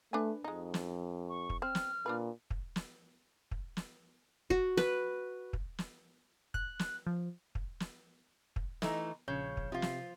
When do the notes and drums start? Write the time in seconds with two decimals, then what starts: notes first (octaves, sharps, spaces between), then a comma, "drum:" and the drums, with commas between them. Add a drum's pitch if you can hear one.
0.13 A3 D4 B4 G#5
0.44 F2 G#3 D#4
0.74 drum: snare
1.29 C#6
1.50 drum: kick
1.62 C4 F6
1.75 drum: snare
2.06 A#2 D4 F4 B4
2.50 drum: kick
2.76 drum: snare
3.51 drum: kick
3.77 drum: snare
4.50 F#4, drum: kick
4.77 B4, drum: snare
5.53 drum: kick
5.78 drum: snare
6.54 F#6, drum: kick
6.79 drum: snare
7.06 F3
7.55 drum: kick
7.80 drum: snare
8.56 drum: kick
8.82 E3 A3 D#4, drum: snare
9.28 A#1 C#3 C#5 G6
9.57 drum: kick
9.72 C3 F3 F4
9.82 drum: snare